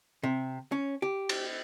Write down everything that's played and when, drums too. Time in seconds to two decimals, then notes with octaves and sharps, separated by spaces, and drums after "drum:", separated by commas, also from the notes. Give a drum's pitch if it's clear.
0.23 C3
0.72 C#4
1.02 G4
1.29 drum: cymbal